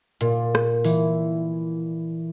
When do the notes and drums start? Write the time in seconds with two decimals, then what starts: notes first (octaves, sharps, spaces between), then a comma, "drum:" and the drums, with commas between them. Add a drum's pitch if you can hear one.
0.21 A#2, drum: hi-hat
0.55 drum: rim click
0.85 E3, drum: open hi-hat